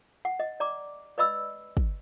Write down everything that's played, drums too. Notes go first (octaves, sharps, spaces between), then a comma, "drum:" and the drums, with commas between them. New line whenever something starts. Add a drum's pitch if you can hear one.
F#5
D#5
D5 A#5 D6
B4 D5 D#5 B5 E6
drum: kick